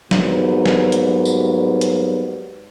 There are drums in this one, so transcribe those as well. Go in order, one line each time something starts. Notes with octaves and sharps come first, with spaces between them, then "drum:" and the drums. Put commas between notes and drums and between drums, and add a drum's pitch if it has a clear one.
G#2 F#3 G3 A#3 B3, drum: snare
drum: snare
drum: hi-hat
drum: tambourine
drum: hi-hat